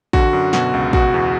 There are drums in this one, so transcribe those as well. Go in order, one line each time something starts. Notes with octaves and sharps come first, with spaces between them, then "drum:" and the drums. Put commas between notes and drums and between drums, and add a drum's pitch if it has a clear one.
D3 F#4, drum: kick
F#2
B2 F#4, drum: snare
C#2
B2 F#4, drum: kick
E2